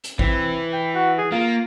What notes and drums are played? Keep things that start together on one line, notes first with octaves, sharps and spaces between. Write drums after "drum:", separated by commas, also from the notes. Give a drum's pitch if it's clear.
drum: hi-hat
E3 C4, drum: kick A1
G5
F#4
G#4
A#3 F4